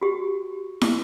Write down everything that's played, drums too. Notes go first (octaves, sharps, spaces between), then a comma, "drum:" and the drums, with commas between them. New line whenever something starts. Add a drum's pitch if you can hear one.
F#4 G4
drum: snare